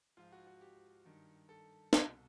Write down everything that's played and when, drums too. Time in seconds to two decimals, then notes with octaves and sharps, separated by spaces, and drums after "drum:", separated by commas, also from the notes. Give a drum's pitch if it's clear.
0.17 G#2 F3 F4
0.32 F#4
0.47 F#4
0.61 G4
1.05 G2 D#3
1.49 A4
1.93 C2 B2, drum: snare